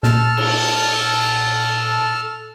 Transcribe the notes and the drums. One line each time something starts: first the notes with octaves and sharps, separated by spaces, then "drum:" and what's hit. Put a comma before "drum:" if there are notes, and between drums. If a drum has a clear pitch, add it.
A#2 A4 A5 F6, drum: snare
drum: cymbal